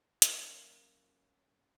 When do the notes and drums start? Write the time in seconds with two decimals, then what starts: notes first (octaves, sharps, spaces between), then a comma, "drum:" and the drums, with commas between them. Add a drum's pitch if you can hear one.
0.22 F#3 A#3 C#4, drum: hi-hat